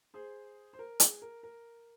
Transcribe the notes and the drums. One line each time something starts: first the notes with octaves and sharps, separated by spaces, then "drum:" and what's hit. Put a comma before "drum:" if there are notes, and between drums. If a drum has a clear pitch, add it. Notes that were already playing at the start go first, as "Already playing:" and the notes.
G#4 C5
C5
A#4
G#4, drum: hi-hat
A#4
A#4